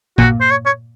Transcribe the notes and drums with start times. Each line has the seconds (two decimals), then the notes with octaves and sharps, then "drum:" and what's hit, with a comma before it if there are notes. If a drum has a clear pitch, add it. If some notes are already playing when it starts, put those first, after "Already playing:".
0.18 A#2 F#4, drum: kick A1
0.41 C5
0.51 C#5
0.66 C#5